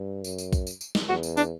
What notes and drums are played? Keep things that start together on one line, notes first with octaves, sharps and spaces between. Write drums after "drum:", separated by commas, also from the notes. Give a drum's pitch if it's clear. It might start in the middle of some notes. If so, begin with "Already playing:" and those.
Already playing: G2
F#2, drum: tambourine
drum: tambourine
drum: kick, tambourine
drum: tambourine
drum: tambourine
drum: snare
E2 F#4
drum: tambourine
D4, drum: tambourine